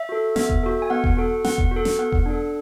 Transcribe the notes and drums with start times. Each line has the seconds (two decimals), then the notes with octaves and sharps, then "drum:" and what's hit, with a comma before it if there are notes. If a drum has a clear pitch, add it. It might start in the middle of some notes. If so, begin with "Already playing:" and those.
Already playing: E5
0.09 F#4 A4
0.36 B3 E5, drum: snare
0.49 drum: kick E1
0.63 F#4 A4
0.82 G#5
0.90 B3 F#5
1.04 drum: kick E1
1.17 F#4 A4
1.45 B3 F#5, drum: snare
1.58 drum: kick E1
1.71 F#4 A4
1.85 drum: snare
1.99 B3 F#5
2.12 drum: kick E1
2.26 D4 A4